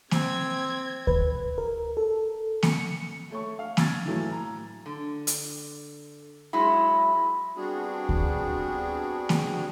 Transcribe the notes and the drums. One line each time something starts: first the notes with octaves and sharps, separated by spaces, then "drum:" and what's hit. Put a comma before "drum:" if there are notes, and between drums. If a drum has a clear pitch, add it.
C4 G#6, drum: snare A#3
B4, drum: kick D2
A#4
A4
C#7, drum: snare A#3
A3 C#5 C#6
F5
E6 F6 G#6 A6, drum: snare A#3
A2 E3 F#3 A3 E4
A#5
D3
drum: hi-hat
F#3 G#3 E4 B5
G3 B3 C4 D4 F#4 G#4
drum: kick D2
drum: snare A#3